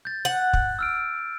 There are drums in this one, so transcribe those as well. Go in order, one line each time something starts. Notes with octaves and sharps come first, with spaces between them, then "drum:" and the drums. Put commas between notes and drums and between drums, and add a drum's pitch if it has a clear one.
G6 A6
F#5
drum: kick
E6 F6 D7